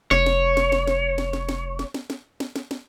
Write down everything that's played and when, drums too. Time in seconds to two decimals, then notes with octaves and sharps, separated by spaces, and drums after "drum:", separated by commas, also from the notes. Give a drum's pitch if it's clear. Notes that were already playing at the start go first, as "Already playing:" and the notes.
0.11 F1 C#5, drum: snare
0.26 drum: snare
0.57 drum: snare
0.72 drum: snare
0.87 drum: snare
1.18 drum: snare
1.33 drum: snare
1.49 drum: snare
1.79 drum: snare
1.94 drum: snare
2.10 drum: snare
2.40 drum: snare
2.56 drum: snare
2.71 drum: snare